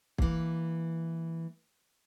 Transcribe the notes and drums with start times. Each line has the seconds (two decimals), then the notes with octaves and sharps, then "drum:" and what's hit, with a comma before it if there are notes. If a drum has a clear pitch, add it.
0.18 E3 A#3, drum: kick